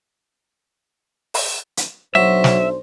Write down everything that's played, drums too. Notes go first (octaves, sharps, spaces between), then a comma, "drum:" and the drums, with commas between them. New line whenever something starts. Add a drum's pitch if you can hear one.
drum: open hi-hat
drum: hi-hat
B1 F#3 D4 C5 E5
drum: snare